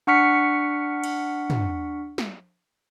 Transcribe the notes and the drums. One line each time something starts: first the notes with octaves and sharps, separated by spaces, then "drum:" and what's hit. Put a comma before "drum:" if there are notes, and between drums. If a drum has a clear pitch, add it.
D4 F#5 C#6 F6 B6 C#7
drum: cymbal
drum: tom
drum: snare